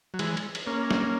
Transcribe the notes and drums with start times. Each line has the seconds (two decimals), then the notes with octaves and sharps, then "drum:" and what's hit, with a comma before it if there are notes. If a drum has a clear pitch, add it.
0.14 F#3
0.19 E3 G#3, drum: cymbal
0.37 drum: cymbal
0.55 drum: cymbal
0.67 A#3 C#4
0.91 drum: snare